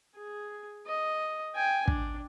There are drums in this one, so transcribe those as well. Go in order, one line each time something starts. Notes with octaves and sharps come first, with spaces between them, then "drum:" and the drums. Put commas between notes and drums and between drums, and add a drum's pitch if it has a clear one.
G#4
D#5
G5 G#5
D4, drum: kick